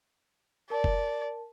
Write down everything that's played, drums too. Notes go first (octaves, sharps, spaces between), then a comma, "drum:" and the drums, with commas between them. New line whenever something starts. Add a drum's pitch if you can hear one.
A#4 D5 A5
drum: kick F#1